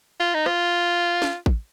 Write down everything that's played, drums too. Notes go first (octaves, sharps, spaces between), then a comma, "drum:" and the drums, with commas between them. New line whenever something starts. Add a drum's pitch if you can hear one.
F4
D#4
F4, drum: rim click
drum: snare
drum: kick A1